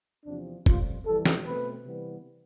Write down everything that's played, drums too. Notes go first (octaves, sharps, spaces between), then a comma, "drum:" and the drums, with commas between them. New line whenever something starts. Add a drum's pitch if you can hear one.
E2 C3 F3 C4 D4
F2 C3 G3 F4, drum: kick F#1
F2 E3 G3 A4
drum: snare
B2 A3 C4 B4
C3 E3 G3 B3